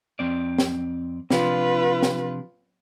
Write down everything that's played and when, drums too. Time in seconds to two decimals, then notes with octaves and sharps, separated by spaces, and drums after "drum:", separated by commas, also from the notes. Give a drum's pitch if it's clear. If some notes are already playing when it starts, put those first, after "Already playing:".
0.19 F2 C4 D5
0.58 drum: snare
1.30 C3 F3 D4 F4 B4, drum: snare
2.02 drum: snare